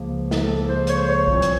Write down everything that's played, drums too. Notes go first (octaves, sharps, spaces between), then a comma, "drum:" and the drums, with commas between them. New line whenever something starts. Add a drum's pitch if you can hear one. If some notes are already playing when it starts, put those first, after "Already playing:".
Already playing: C#2 C#3 F3 A#3
drum: snare
A4
C5
C#5, drum: hi-hat
C5
C#5
C2 A#2 F3 C4, drum: kick B1
drum: hi-hat